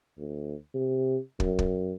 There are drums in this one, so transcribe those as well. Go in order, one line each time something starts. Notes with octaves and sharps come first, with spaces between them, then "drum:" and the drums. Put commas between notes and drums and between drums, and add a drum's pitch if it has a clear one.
D2
C3
F#2, drum: kick
drum: kick